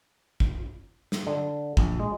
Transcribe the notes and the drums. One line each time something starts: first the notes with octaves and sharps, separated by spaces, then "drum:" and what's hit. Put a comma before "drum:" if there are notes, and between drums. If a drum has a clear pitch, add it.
drum: kick
drum: snare
D3
A#1, drum: kick
G#3